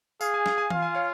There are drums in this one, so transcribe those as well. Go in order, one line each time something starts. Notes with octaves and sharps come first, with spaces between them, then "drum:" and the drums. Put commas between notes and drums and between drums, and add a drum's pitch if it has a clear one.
G#4 F5, drum: tambourine
G#5
F5, drum: snare
G#5
F4 F5, drum: tom E3
G#5
C#5 F5